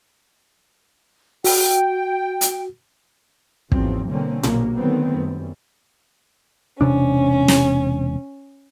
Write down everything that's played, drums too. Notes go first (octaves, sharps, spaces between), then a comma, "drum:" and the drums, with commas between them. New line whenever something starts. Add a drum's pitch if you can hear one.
F#4 G5, drum: open hi-hat
drum: hi-hat
F#1 E2 G#2 F3 F#3 C4, drum: kick
B2 D3 G3 A#3 C4 C#4
A#1 B2 F#3 A#3, drum: tom A#2
D3 D#3 F#3 A3 B3 C4
F#2 G3
E1 C3 C#4 D4
drum: snare